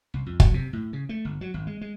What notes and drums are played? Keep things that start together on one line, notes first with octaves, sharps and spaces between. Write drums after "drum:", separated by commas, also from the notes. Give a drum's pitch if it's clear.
C2
F2
F#3, drum: kick
C3
A2
C#3
A3
G1
F#3
G#1
G#3
G#3